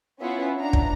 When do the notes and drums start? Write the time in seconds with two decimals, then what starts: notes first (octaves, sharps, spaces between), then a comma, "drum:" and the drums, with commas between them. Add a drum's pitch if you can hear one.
0.20 B3 C#4 E4 F4 E5 F#5
0.58 D4 A#5
0.73 drum: kick